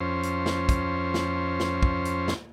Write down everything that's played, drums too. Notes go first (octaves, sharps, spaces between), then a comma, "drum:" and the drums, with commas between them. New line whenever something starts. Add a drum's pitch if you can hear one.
F2 C#4 C5
drum: hi-hat
drum: snare
drum: kick, hi-hat
drum: snare
drum: snare
drum: kick
drum: hi-hat
drum: snare